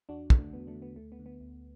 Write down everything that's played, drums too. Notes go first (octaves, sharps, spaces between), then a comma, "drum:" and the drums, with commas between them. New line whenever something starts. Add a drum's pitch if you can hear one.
E2 D4 F#4
D3, drum: kick
A3 D4
E2 B3
A3 D4
D3
B3
D2 A3
B3
D3
B3
D2